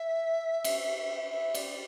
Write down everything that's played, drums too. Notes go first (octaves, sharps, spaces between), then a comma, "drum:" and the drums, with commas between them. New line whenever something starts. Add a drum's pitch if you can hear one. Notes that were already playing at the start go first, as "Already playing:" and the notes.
Already playing: E5
drum: cymbal
E5
D5, drum: cymbal